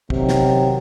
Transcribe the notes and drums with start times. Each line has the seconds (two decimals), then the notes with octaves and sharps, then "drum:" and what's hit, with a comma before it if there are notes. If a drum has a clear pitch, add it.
0.10 C3 D#3 F#3, drum: kick
0.29 drum: snare